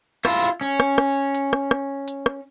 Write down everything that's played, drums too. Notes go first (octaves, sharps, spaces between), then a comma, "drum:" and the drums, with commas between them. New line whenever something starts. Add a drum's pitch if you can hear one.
E4 F4, drum: rim click
C#4
drum: rim click
drum: rim click
drum: hi-hat
drum: rim click
drum: rim click
drum: hi-hat
drum: rim click